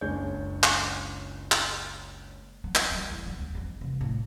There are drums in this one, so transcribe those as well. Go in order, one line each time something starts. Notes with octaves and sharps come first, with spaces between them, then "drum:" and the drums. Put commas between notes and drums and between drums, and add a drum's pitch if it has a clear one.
F#1 C#2 D4 C#5 G#5 G6
drum: clap
drum: clap
F#3
drum: clap
F#3
E2
F#3
D#2
F2
F1
A2